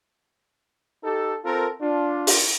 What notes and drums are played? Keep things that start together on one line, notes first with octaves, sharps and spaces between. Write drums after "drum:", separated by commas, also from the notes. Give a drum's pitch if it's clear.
D#4 G4 A4
C4 F4 A4 A#4
D4 F4
drum: open hi-hat